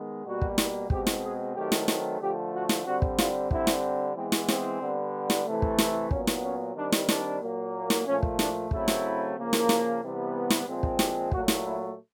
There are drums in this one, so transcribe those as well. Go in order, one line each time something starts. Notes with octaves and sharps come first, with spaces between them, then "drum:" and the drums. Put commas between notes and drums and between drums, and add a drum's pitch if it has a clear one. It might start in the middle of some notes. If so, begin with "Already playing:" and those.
Already playing: D#3 G#3 B3
B2 G3 A#3 F#4
drum: kick
drum: snare
B2 G#3 C4 G4, drum: kick
drum: snare
G#4
D#3 F#3 A3 C4 G4
drum: snare
drum: snare
D3 F3 A3 G4
F#4
drum: snare
D3 G3 C4 F#4
drum: kick
F4, drum: snare
D3 G3 C4 E4, drum: kick
drum: snare
E3 G#3 B3 C4
drum: snare
C4, drum: snare
D3 G3 B3
drum: snare
C3 E3 A3
drum: kick
drum: snare
A#2 F#3 B3 C#4, drum: kick
drum: snare
C#4
D#3 G3 C4 D4
drum: snare
D4, drum: snare
A#2 F#3 A#3
drum: snare
A#2 F3 A3 C#4
drum: kick
D4, drum: snare
C#3 F#3 A3 C4 E4, drum: kick
drum: snare
C#3 F3 A#3
drum: snare
drum: snare
C3 E3 G3 B3
drum: snare
A#2 F3 G#3 C4
drum: kick
G4, drum: snare
A#2 F#3 A3 F#4, drum: kick
drum: snare
E4